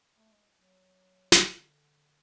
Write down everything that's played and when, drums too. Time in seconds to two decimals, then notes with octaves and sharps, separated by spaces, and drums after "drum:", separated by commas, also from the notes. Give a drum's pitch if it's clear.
0.16 A3
0.31 G#3
0.60 F#3
1.32 D3, drum: snare